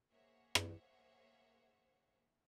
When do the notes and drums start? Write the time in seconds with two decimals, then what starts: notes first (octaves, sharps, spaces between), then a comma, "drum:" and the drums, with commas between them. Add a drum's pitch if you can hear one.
0.11 A#3 G#4 C5 C#5 E5 F#5
0.55 drum: rim click